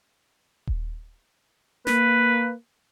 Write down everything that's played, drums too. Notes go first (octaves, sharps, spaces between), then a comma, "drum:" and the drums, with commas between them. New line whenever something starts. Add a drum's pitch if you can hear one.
drum: kick D#1
A#3 B4, drum: snare